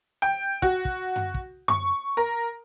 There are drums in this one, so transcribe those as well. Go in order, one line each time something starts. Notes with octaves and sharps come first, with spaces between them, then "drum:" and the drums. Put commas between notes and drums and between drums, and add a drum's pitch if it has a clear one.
G5
F#4, drum: kick
drum: kick
drum: tom F#2
drum: kick
C#6, drum: tom F#2
A#4